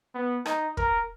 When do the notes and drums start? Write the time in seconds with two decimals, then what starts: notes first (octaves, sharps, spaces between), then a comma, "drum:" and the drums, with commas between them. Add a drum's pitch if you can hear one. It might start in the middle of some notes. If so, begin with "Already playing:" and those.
0.14 B3
0.46 D#4, drum: rim click
0.77 A#4, drum: kick